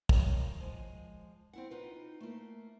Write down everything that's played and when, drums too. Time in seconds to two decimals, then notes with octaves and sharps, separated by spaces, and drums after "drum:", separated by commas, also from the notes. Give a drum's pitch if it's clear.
0.09 D#3 F3 G#3 C#5, drum: kick
0.60 F3 G#3
1.53 C4 E4 F#5
1.71 D#4 F4 B4
2.20 A3 A#3